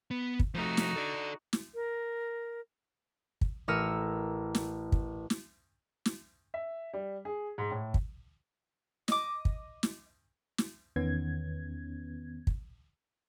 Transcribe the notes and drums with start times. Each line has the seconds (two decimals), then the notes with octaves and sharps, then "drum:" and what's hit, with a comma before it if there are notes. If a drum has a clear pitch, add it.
0.11 B3
0.40 drum: kick
0.54 F3 A3 D#4 F#4
0.77 drum: snare
0.96 A4 D5
1.53 drum: snare
1.74 A#4
3.41 drum: kick
3.68 A1 A#4 E6 F6 C#7 D#7
4.55 drum: snare
4.92 drum: kick
5.30 drum: snare
6.06 drum: snare
6.54 E5
6.93 G3
7.25 G#4
7.58 G#2
7.71 A2
7.94 drum: kick
9.08 D#5 D6, drum: snare
9.45 drum: kick
9.83 drum: snare
10.58 drum: snare
10.96 E2 D#3 B3 C#4 G#6
12.47 drum: kick